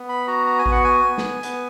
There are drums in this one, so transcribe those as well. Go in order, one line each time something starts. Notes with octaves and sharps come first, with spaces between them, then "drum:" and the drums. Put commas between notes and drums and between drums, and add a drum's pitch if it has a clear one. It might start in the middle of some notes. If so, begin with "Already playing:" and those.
Already playing: B3
B5
F#4 A#5
A#5
G#5
B3, drum: kick G#1
F#5
G#5
B3
drum: snare
B3, drum: hi-hat